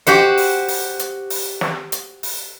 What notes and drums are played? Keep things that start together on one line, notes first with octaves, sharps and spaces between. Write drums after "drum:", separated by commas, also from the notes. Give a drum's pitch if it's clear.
F#4 G4 C5 F#5, drum: hi-hat
drum: open hi-hat
drum: open hi-hat
drum: hi-hat
drum: open hi-hat
drum: snare
drum: hi-hat
drum: open hi-hat